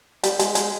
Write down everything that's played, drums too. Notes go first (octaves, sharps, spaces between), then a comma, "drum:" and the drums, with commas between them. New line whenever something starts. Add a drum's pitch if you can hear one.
G3, drum: hi-hat
G#3, drum: hi-hat
G#3, drum: hi-hat